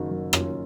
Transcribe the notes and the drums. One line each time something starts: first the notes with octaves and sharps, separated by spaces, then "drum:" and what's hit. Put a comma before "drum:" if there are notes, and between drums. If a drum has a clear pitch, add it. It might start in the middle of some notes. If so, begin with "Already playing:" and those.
Already playing: F#1 F#2 D#3
F#1
F#1 C#4 F4, drum: rim click